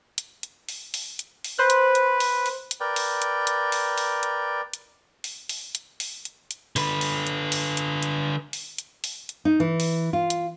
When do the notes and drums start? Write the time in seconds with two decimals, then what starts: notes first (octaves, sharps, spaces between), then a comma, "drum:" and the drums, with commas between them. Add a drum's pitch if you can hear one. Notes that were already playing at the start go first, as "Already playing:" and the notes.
0.18 drum: hi-hat
0.43 drum: hi-hat
0.69 drum: open hi-hat
0.94 drum: open hi-hat
1.19 drum: hi-hat
1.44 drum: open hi-hat
1.59 B4 C5 F#6
1.70 drum: hi-hat
1.95 drum: hi-hat
2.20 drum: open hi-hat
2.46 drum: open hi-hat
2.71 drum: hi-hat
2.80 A#4 B4 D5 G5
2.96 drum: open hi-hat
3.22 drum: hi-hat
3.47 drum: hi-hat
3.72 drum: open hi-hat
3.98 drum: open hi-hat
4.23 drum: hi-hat
4.73 drum: hi-hat
5.24 drum: open hi-hat
5.49 drum: open hi-hat
5.75 drum: hi-hat
6.00 drum: open hi-hat
6.25 drum: hi-hat
6.51 drum: hi-hat
6.76 D3 B4, drum: open hi-hat
7.01 drum: open hi-hat
7.27 drum: hi-hat
7.52 drum: open hi-hat
7.77 drum: hi-hat
8.03 drum: hi-hat
8.53 drum: open hi-hat
8.78 drum: hi-hat
9.04 drum: open hi-hat
9.29 drum: hi-hat
9.45 D#4
9.60 E3
9.80 drum: open hi-hat
10.13 F4
10.30 drum: hi-hat